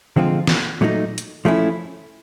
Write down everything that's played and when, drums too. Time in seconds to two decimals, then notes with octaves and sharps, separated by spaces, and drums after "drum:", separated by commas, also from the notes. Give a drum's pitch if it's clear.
0.16 D3 F3 G#3 C4 F4
0.47 drum: snare
0.81 A#2 F#3 A3 C4 D#4
1.18 drum: hi-hat
1.45 F3 A3 C#4 E4